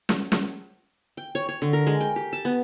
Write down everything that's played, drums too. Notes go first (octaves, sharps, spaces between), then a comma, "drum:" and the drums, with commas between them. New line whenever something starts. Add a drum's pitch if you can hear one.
drum: snare
drum: snare
G5
C#5
C#5
D3
A#4
G#3
G5
G4
A5
B3